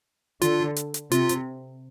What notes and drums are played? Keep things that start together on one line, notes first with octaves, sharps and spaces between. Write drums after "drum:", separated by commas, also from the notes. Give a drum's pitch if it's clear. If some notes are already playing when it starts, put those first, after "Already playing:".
D3 F4, drum: hi-hat
drum: hi-hat
drum: hi-hat
C3 F4, drum: hi-hat
drum: hi-hat